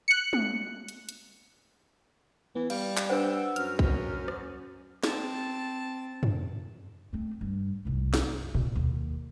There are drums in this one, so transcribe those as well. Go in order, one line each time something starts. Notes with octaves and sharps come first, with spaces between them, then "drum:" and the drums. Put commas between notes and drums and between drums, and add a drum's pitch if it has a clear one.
F#6 C#7
drum: tom
drum: hi-hat
drum: hi-hat
E3 B3
G3 F5, drum: cymbal
drum: clap
D4 B4 C5 F#5 E6
F#2 F6, drum: hi-hat
drum: kick
drum: rim click
C4 A5, drum: snare
drum: tom
A3 C4
G2
F1 C2
F#2, drum: snare
B2, drum: tom
D#2